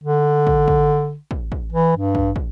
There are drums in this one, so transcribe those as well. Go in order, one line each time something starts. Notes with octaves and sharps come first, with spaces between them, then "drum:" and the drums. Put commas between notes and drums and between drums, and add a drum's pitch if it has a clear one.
D3
drum: kick
drum: kick
drum: kick
drum: kick
E3
G2
drum: kick
drum: kick